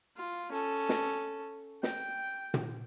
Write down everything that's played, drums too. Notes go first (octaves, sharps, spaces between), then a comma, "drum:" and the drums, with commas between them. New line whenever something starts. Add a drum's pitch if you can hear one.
F4
C#4 A4
drum: snare
G5, drum: snare
drum: tom